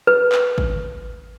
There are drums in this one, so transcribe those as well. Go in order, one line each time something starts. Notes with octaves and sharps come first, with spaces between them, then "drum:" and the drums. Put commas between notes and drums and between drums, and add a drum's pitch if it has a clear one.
B4
drum: clap
drum: kick